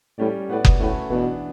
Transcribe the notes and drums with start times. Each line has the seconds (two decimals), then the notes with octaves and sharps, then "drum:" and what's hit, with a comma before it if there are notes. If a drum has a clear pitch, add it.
0.18 A2 G3 C#4 G4 D5
0.49 A2 B3 F#4 B4 D5
0.65 drum: kick F#1
0.80 A2 A3 C#4 F#4 B4
1.10 B2 E3 B3 D4